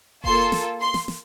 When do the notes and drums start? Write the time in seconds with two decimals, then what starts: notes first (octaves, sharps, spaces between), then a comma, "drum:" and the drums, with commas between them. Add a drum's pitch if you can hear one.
0.24 A#3 F4 A4 C6, drum: kick F1
0.52 drum: snare
0.80 C6
0.94 drum: snare
1.08 drum: snare